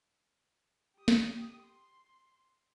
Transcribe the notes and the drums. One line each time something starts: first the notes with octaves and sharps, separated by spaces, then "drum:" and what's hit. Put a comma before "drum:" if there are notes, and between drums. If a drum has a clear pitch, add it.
G4 D#6
drum: snare
C6